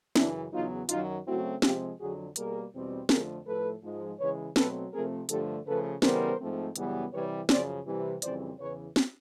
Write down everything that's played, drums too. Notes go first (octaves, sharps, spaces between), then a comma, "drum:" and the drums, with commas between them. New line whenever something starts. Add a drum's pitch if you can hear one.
F#2 C#3 E3 D4 E4, drum: snare
E2 C#3 F#3 B3 D#4 F4
F#2 D#3 F#3 D#4 F4, drum: hi-hat
C#3 F#3 A3 C4 E4 F#4
C3 F3 G#3 C4 F4 G4, drum: snare
F2 D3 F#3 F#4 G#4
B2 G3 A#3 G#4 A#4, drum: hi-hat
E2 B2 G3 C4
F2 D3 F3 A3 G#4 A#4, drum: snare
A2 F3 A3 A4 B4
G#2 F3 G#3
C#3 E3 G#3 B4 C#5
B2 F#3 A3 C4 A4 B4, drum: snare
C3 F3 A3 C4 G#4 A#4
G2 D3 F3 A3 G4 A4, drum: hi-hat
C#3 F3 A3 A4 B4
C#3 E3 G3 B3 A#4 C5, drum: snare
G#2 F3 A3 C4
F#2 C#3 E3 G3 B3, drum: hi-hat
C3 E3 G3 B4 C#5
F#2 C#3 F3 C5 D5, drum: snare
C3 E3 G3
F2 C#3 E3 G3 C4 C5 D5, drum: hi-hat
E2 C#3 E3 B4 C#5
drum: snare